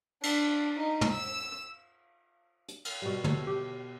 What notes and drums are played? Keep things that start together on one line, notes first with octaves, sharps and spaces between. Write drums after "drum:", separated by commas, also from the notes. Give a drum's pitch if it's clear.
D4, drum: cymbal
D#4
drum: tom
E6
drum: hi-hat
drum: cymbal
B2 G3
A4 C#5 E5, drum: tom
G4